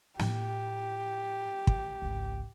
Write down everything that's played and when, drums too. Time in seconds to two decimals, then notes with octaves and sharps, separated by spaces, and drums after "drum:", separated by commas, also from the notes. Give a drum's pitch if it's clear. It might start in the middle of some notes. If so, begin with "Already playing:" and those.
0.19 A2 E4 G4, drum: snare
1.67 drum: kick
2.02 G#1 C#2